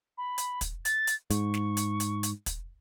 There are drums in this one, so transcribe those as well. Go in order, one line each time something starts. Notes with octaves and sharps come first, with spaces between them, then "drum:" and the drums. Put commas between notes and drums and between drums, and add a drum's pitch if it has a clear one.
B5
drum: hi-hat
drum: kick, hi-hat
A6, drum: hi-hat
drum: hi-hat
G#2 C#6, drum: hi-hat
drum: snare
drum: hi-hat
drum: hi-hat
drum: hi-hat
drum: kick, hi-hat